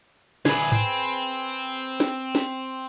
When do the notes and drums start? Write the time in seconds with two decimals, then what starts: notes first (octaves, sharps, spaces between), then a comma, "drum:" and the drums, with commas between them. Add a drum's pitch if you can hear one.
0.45 D2 A#2 G#4 B4, drum: snare
0.72 C4, drum: tom G#2
1.00 drum: open hi-hat
2.00 drum: snare
2.35 drum: snare